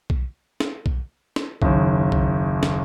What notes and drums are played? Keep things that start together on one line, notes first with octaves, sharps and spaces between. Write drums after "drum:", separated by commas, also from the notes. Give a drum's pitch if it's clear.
drum: kick B1
drum: snare
drum: kick B1
drum: snare
F#1 D#2, drum: kick B1
drum: kick B1
drum: snare